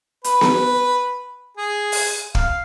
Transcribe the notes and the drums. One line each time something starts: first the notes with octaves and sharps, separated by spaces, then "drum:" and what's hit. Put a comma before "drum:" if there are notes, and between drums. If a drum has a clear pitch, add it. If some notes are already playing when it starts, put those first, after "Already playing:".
B4, drum: hi-hat
drum: snare B3
G#4
drum: open hi-hat
F5, drum: kick